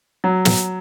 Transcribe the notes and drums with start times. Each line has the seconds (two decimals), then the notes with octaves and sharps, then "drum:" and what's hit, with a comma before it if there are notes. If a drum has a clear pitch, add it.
0.24 F#3
0.45 drum: snare